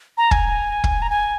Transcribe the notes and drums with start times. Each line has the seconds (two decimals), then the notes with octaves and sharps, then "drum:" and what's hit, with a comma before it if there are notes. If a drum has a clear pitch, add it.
0.18 A#5
0.31 G#5, drum: kick
0.84 drum: kick
1.02 A#5
1.10 G#5